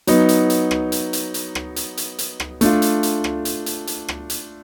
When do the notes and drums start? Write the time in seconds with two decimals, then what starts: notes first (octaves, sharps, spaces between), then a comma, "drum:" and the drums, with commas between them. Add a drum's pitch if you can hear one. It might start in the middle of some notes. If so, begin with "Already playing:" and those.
0.07 F#3 B3 D#4, drum: hi-hat
0.29 drum: hi-hat
0.50 drum: hi-hat
0.71 drum: rim click
0.92 drum: hi-hat
1.13 drum: hi-hat
1.34 drum: hi-hat
1.55 drum: rim click
1.76 drum: hi-hat
1.97 drum: hi-hat
2.19 drum: hi-hat
2.40 drum: rim click
2.61 A3 D4 F4, drum: hi-hat
2.82 drum: hi-hat
3.03 drum: hi-hat
3.24 drum: rim click
3.45 drum: hi-hat
3.66 drum: hi-hat
3.87 drum: hi-hat
4.08 drum: rim click
4.30 drum: hi-hat